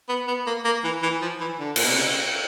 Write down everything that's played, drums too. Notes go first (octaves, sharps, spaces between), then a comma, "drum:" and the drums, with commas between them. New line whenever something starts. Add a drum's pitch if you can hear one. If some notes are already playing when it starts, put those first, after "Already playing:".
B3
B3
A#3
A#3
E3
E3
F3
E3
D3
A#2, drum: cymbal
B2
C3
C#3